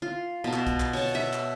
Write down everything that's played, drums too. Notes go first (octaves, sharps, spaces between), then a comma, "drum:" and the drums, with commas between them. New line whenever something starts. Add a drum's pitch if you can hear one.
F4
B2 A5
drum: clap
drum: kick B1, hi-hat
drum: clap
C#5 A5, drum: open hi-hat
E5
drum: clap